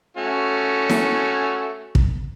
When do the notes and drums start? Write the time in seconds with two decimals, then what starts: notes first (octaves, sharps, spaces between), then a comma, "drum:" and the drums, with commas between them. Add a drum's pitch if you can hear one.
0.17 A3 C#4 F#4
0.90 drum: snare
1.95 drum: kick